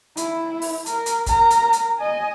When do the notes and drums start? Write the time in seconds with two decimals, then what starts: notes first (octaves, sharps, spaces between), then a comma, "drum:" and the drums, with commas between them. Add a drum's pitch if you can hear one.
0.17 E4, drum: hi-hat
0.62 drum: open hi-hat
0.86 A#4, drum: hi-hat
1.06 drum: hi-hat
1.26 A#4 A#5, drum: kick, hi-hat
1.51 drum: hi-hat
1.73 drum: hi-hat
1.98 D#5 G#5